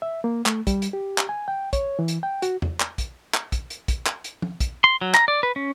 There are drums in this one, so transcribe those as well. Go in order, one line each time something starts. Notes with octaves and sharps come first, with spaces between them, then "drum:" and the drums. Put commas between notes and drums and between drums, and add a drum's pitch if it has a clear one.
E5
A#3
A3, drum: clap
G3, drum: kick, hi-hat
drum: hi-hat
G4
drum: clap
G#5
G5
C#5, drum: kick, hi-hat
E3
drum: hi-hat
G5
F#4, drum: hi-hat
drum: tom E2
drum: clap
drum: kick, hi-hat
drum: clap
drum: kick, hi-hat
drum: hi-hat
drum: kick, hi-hat
drum: clap
drum: hi-hat
drum: tom
drum: kick, hi-hat
C6
F#3
A#5, drum: clap
D5
B4
C#4